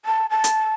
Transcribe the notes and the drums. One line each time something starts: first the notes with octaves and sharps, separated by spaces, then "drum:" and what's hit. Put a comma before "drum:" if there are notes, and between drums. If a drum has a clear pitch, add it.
A5
A5
drum: hi-hat